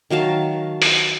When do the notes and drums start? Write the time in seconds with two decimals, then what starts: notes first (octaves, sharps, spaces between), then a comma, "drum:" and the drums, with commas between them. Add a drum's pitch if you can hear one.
0.10 D#3 F#3 F5 A5
0.82 drum: open hi-hat